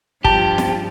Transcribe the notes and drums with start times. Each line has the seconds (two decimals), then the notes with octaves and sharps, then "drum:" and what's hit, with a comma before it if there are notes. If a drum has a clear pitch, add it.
0.25 G2 F3 G4 A5, drum: kick
0.58 drum: snare